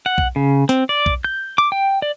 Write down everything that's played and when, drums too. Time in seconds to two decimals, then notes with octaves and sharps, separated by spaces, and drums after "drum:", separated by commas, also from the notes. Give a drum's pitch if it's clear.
0.06 F#5
0.18 drum: kick B1
0.36 C#3
0.69 C4, drum: hi-hat
0.89 D5
1.06 drum: kick B1
1.25 G6
1.58 D6
1.72 G5
2.02 D5